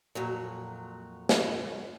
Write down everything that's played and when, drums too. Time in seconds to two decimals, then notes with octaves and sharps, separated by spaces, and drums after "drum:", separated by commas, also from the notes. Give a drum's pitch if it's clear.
0.15 F2 A#2 F#3
1.29 drum: snare